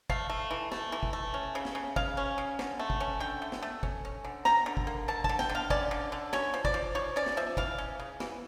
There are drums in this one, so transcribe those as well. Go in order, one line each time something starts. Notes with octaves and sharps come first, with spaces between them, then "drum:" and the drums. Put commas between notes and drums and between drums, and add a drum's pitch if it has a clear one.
A3 F5, drum: kick
A3
E3
A3, drum: snare
E3
drum: kick
A3
C#4
C#3
drum: snare
C#3
C#3 F5, drum: kick
C#4
C#3
D3, drum: snare
A3
drum: kick
C#4
D3 G5
A3
drum: snare
A3
C#4, drum: kick
C#4
D3
G3 A#5, drum: snare
D3
drum: kick
A#3
D3 A5
A5, drum: kick
D3
G5, drum: snare
D3
F5
C#4 D5, drum: kick
D3
D3
C#4 C#5, drum: snare
F3
D5, drum: kick
F3
F3 C#5
C#4 D5
drum: snare
F3 E5
E3 F5, drum: kick
C#4
C#3
E3, drum: snare